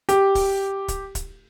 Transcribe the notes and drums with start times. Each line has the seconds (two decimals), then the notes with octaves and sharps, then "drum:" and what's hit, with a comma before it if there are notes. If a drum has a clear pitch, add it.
0.09 G4, drum: hi-hat
0.35 drum: kick D1, open hi-hat
0.88 drum: kick D1, hi-hat
1.15 drum: kick D1, hi-hat